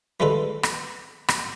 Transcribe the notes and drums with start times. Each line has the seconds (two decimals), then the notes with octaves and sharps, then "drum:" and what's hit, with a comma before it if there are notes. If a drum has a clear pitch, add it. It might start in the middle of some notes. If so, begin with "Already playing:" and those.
0.20 E3 G3 G#3 F4 A4 B4
0.63 drum: rim click
1.28 drum: rim click